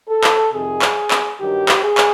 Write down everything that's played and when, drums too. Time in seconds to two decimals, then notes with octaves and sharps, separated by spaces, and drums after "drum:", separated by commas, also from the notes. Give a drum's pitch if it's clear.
0.09 A4
0.24 drum: clap
0.52 F2 C3 D#3 G#4
0.82 drum: clap
1.11 drum: clap
1.40 G2 D#3 F#3 G4
1.69 drum: clap
1.83 G#4
1.98 drum: clap